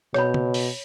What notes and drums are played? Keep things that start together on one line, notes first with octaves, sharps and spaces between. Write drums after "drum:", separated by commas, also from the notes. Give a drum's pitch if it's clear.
B2 C#5 B5, drum: rim click
drum: tom
drum: open hi-hat